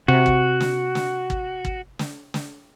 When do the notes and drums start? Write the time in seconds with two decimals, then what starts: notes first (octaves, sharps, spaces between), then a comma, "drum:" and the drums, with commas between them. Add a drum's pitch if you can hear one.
0.08 C3 F#4
0.26 drum: kick
0.60 drum: snare
0.95 drum: snare
1.30 drum: kick
1.65 drum: kick
1.99 drum: snare
2.34 drum: snare